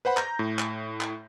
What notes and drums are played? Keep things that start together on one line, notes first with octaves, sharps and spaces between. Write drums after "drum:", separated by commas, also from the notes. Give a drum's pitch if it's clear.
B4 C5 F#5 B5
A#5 G6 A#6, drum: clap
A2
drum: clap
drum: clap